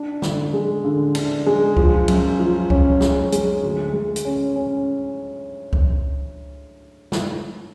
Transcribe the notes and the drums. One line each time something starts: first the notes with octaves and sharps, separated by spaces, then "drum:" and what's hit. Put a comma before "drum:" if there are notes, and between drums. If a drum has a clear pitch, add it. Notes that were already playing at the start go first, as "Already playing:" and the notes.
Already playing: D4
D3, drum: snare
G#3
D3
D4, drum: cymbal
G#3
F3, drum: kick C#2
F#2, drum: cymbal
F3
C#4, drum: kick C#2
G#3, drum: snare
G#3, drum: hi-hat
D2
G#3
drum: hi-hat
C#4
C#4
drum: kick C#2
drum: snare